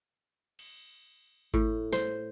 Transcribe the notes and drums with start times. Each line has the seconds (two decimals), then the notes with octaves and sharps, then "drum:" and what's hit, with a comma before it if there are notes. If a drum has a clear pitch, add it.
0.59 drum: cymbal
1.54 A2, drum: kick G#1
1.93 C5, drum: snare